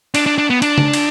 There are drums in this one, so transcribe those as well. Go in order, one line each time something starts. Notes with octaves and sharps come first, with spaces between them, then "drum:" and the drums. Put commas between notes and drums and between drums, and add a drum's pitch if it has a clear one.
D4, drum: cymbal
D4
D4
B3
D4, drum: cymbal
drum: tom C#3
drum: cymbal